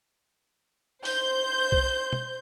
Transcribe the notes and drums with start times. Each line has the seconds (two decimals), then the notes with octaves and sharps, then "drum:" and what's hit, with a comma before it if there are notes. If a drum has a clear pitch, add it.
1.05 C5 G6, drum: open hi-hat
1.72 drum: kick C2
2.13 drum: tom